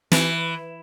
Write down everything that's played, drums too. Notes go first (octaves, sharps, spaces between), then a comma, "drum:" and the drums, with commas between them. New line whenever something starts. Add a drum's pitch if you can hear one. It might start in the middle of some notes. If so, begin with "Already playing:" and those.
E3, drum: snare